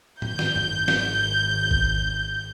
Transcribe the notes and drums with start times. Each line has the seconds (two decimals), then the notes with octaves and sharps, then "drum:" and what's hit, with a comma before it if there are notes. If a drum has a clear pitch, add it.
0.22 G#1 G6, drum: tom A2
0.39 drum: snare
0.56 drum: tom F#2
0.88 drum: snare
1.71 drum: kick G#1